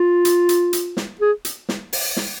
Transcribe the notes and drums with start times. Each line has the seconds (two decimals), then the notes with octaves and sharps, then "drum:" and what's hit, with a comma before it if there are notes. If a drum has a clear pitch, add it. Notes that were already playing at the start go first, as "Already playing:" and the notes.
Already playing: F4
0.25 drum: hi-hat
0.49 drum: hi-hat
0.73 drum: hi-hat
0.97 drum: snare
1.21 G#4
1.45 drum: hi-hat
1.69 drum: snare
1.93 drum: open hi-hat
2.17 drum: snare